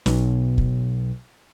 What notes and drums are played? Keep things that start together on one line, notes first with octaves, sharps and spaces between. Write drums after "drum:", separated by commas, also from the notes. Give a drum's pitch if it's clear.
B1, drum: snare
drum: kick